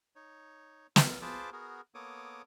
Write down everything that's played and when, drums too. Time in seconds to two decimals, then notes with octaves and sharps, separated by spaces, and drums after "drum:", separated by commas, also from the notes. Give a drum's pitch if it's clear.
0.16 D#4 C#5
0.96 F4 A#4, drum: snare
1.22 F4 G#4 B4 C5 A5 D6
1.52 B3 F#4 G#4 A#4
1.95 A#3 B3 A4 C#5 D6 D#6